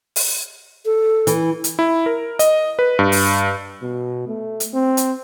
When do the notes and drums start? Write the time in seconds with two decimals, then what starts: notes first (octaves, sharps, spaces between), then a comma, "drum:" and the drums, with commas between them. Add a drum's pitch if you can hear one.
0.16 drum: open hi-hat
0.85 A4
1.27 E3, drum: hi-hat
1.64 drum: hi-hat
1.79 E4
2.06 A#4
2.39 D#5, drum: hi-hat
2.79 B4
2.99 G2
3.12 drum: open hi-hat
3.82 B2
4.28 A3
4.60 drum: hi-hat
4.74 C4
4.97 drum: hi-hat